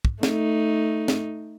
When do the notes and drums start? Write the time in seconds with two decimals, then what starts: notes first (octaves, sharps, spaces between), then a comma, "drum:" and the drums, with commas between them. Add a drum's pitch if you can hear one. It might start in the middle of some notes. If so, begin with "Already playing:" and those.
0.05 drum: kick
0.23 A3 D#4, drum: snare
1.08 drum: snare